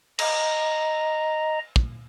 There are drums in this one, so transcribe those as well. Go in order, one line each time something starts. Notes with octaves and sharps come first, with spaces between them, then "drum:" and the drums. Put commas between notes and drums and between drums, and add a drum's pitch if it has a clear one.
D#5 A#5, drum: cymbal
drum: kick